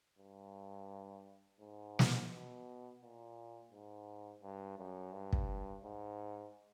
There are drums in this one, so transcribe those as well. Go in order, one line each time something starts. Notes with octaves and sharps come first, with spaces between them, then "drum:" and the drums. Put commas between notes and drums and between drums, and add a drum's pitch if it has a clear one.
G2
G#2
drum: snare
B2
A#2
G#2
G2
F#2
G2
drum: kick
G#2